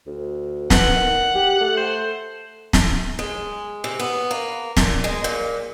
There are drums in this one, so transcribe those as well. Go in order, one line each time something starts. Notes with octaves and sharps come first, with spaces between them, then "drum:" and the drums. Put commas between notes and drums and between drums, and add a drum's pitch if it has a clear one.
D2
B3 F#5, drum: snare
D#3
G4
A3
C5
drum: snare
G#3
C3
B3
A#3
A#2, drum: snare
G#3
A#2